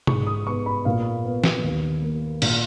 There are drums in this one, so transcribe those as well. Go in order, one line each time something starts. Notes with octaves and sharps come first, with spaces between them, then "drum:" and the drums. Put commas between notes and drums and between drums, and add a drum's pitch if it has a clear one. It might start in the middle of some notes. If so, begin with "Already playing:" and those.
G#2 C#6, drum: tom
D#6
B3 C#6
B5
A#2 F5
B3
drum: snare
D#2
A#3
A#2, drum: cymbal